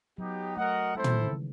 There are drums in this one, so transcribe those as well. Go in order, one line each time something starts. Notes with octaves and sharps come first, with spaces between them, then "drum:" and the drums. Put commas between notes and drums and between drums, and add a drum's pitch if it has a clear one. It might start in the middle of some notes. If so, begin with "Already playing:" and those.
F#3 B3 D#4 G4
A3 F#4 A#4 D#5 F#5
G#3 C4 E4 A4 C5
E3, drum: tom
D#3
C#3
D#3